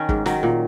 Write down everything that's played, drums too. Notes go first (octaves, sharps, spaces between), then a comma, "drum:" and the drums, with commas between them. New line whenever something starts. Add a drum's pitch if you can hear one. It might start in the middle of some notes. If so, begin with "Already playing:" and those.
Already playing: D#3 C#4
G#2, drum: kick
D#3 F#3, drum: snare
A#2